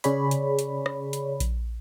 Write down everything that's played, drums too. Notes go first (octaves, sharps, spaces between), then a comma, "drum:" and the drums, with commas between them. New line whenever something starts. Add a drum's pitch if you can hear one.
C#3 G#4 C#5 D5 B5, drum: hi-hat
drum: hi-hat
drum: hi-hat
drum: rim click
drum: hi-hat
drum: kick A#1, hi-hat